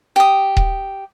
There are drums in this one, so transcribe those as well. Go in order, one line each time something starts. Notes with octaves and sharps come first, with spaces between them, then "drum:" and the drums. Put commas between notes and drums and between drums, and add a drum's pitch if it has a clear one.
G4 D#6
drum: kick D#1